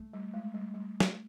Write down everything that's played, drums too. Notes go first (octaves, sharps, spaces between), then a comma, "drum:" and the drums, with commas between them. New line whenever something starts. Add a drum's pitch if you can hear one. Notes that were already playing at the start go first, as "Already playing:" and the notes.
Already playing: A3
G3
G#3
G3
G3
drum: snare